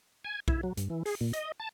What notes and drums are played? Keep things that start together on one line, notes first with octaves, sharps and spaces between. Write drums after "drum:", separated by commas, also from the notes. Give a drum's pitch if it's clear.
G#5
E4, drum: kick B1
F#3
G2, drum: hi-hat
E3
G#4, drum: open hi-hat
A#2
D#5, drum: hi-hat
A5